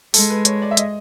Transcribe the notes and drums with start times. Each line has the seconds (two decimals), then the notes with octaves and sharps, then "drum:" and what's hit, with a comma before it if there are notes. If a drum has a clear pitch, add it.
0.14 G#3 A4, drum: open hi-hat
0.30 B4
0.45 C#5, drum: hi-hat
0.62 D5
0.71 E5
0.77 D#5, drum: hi-hat